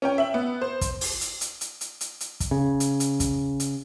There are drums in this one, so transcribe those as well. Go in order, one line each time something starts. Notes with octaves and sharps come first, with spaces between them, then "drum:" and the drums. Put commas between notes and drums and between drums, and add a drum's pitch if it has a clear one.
C#4 C#5 G5
E5 F#7
B3
C5
drum: kick, hi-hat
drum: open hi-hat
drum: hi-hat
drum: hi-hat
drum: hi-hat
drum: hi-hat
drum: hi-hat
drum: hi-hat
drum: kick, hi-hat
C#3
drum: hi-hat
drum: hi-hat
drum: kick, hi-hat
drum: hi-hat